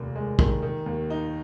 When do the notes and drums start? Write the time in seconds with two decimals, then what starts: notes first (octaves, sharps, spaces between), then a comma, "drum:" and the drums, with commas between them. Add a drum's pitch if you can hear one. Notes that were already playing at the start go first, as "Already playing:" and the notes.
Already playing: F1 D#2 A#3
0.15 G#3
0.39 D#3, drum: kick
0.62 D#3
0.86 D#2
1.10 D#4